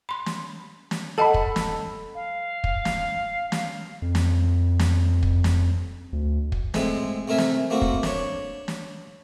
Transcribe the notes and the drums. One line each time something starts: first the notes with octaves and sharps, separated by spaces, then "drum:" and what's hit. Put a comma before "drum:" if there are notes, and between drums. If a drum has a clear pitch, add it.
B5 C6
drum: snare
drum: snare
A4 D#5 F#5 A5 B5
drum: kick
drum: snare
F5
drum: kick
drum: snare
F5, drum: snare
F2
drum: snare
drum: snare
drum: kick
drum: snare
D2
drum: kick
A2 G#3 C4, drum: snare
C3 A3 A#4 E5 G#5
drum: snare
A3 A#3 C4 F#4
drum: kick
D4 C#5, drum: snare
drum: snare